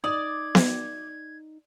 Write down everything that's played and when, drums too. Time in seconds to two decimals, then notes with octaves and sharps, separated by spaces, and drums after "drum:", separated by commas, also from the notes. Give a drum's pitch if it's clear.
0.04 D#4 D5 D#6 G#6
0.55 drum: snare B3